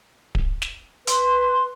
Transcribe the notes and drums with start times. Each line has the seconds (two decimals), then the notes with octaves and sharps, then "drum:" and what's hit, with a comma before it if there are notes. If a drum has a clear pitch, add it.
0.35 drum: kick D1
0.62 drum: snare
1.07 B4 C6, drum: hi-hat